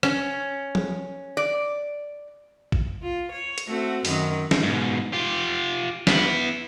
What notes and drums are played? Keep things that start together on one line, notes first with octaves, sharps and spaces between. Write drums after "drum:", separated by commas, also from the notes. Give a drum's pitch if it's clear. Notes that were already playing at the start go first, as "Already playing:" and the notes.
C#4, drum: rim click
drum: tom F3
D5
drum: kick A1
F4
C#5
drum: hi-hat
A3 C4 F#4
F#2 D#3 F#3, drum: open hi-hat
drum: snare
G#2 B2
F4 G4
B3 E4, drum: snare